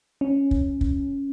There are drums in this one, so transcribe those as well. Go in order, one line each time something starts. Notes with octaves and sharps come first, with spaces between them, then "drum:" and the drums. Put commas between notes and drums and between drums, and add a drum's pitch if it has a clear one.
C#4
drum: kick
drum: kick